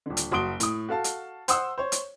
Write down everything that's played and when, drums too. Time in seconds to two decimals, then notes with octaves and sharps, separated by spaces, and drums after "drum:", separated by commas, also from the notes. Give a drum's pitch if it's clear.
0.06 D#1 D3
0.17 drum: hi-hat
0.32 F#1 F#4 C6 D#6 D7 G7
0.60 A2 D#6, drum: hi-hat
0.89 F#4 A4 F5 A5
1.04 drum: hi-hat
1.48 C5 F#5 C6 D#6 E6, drum: hi-hat
1.78 C5 C#5
1.92 drum: hi-hat